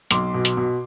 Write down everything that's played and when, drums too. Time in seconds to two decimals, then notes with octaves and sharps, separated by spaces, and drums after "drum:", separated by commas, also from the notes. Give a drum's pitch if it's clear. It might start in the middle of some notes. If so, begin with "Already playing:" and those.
0.11 B1 C6 D6, drum: hi-hat
0.34 B2
0.45 drum: hi-hat
0.57 B2